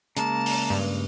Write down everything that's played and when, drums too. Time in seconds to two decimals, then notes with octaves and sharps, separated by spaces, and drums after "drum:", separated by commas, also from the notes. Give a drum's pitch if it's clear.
0.17 C#3 G#3 A#3 A5 A#5, drum: hi-hat
0.46 drum: open hi-hat
0.70 G2